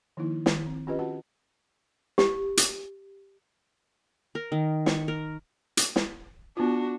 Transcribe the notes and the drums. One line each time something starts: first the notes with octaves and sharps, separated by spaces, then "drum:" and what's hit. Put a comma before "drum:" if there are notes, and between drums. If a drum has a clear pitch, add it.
D#3 F3 A#3 D#4 E4
D#3, drum: snare
C4
C#4 F4 G4 B4 D#5
F4 F#4 F#5 A5
G4, drum: snare
drum: hi-hat
A#4
D#3
C#6, drum: snare
A#4
drum: hi-hat
drum: snare
B3 D4 F4 F#4